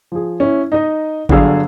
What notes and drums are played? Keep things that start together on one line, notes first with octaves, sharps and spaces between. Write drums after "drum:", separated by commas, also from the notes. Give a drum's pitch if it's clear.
F3 G#4
C#4 E4
D#4 D#5
G1 D3 F#3 G#4 F5 E6, drum: kick G#1